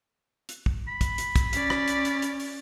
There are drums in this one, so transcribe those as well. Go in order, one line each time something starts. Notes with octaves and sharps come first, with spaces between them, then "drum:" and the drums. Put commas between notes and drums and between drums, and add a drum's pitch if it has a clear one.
drum: hi-hat
drum: kick
B5
drum: kick, hi-hat
drum: hi-hat
drum: kick, hi-hat
C#4 D5, drum: hi-hat
drum: rim click
drum: hi-hat
drum: hi-hat
drum: hi-hat
drum: open hi-hat